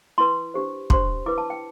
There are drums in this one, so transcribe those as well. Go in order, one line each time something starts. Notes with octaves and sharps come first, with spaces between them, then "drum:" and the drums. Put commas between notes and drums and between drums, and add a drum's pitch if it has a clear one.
E4 B4 C6
D4 G4 C5
D4 G4 C5 C6, drum: kick
E4 B4 D6
A5
G5